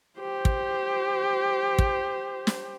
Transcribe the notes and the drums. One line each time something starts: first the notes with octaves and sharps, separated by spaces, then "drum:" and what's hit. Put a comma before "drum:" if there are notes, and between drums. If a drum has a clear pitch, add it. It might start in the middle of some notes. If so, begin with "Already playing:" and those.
G4 C5
drum: kick
drum: kick
drum: snare